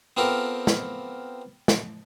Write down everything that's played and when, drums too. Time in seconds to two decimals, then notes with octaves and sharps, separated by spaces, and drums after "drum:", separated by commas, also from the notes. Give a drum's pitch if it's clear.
0.17 B3 C4 F4 G4 A4 A#4
0.67 drum: snare
1.68 drum: snare